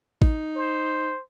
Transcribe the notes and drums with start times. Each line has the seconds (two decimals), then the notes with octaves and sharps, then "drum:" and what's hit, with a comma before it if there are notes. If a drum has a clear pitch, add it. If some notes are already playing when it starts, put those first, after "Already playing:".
0.22 D#4, drum: kick
0.56 C5